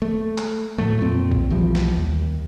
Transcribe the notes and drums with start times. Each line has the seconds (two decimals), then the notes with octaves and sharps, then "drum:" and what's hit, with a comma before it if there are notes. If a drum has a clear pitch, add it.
0.02 A3
0.38 drum: clap
0.78 A2 F#3 A3
1.01 F2 A#2 C4
1.31 drum: kick A#1
1.50 B1 E3 F3 G3
1.75 drum: snare
1.97 D#2